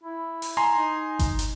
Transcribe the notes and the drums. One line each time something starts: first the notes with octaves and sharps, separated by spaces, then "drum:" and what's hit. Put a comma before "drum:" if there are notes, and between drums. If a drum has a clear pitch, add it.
E4
drum: open hi-hat
G#5 A#5 C6
D#4
drum: kick G1, hi-hat
drum: hi-hat